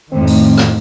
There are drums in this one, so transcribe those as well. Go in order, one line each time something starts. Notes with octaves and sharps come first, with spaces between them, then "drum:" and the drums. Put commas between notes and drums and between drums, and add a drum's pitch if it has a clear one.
F2 A2 D#3 C4
drum: open hi-hat
drum: rim click